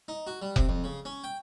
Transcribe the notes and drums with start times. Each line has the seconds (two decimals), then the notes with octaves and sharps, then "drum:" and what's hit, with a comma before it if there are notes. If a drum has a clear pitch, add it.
0.08 D#4
0.27 F#4
0.42 G3
0.56 C3, drum: kick F1
0.69 F2
0.84 C#3
1.05 C#4
1.24 G5